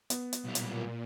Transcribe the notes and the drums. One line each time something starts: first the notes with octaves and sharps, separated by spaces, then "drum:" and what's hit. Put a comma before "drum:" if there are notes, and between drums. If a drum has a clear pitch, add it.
B3, drum: hi-hat
drum: hi-hat
B1 A#2 G3
drum: hi-hat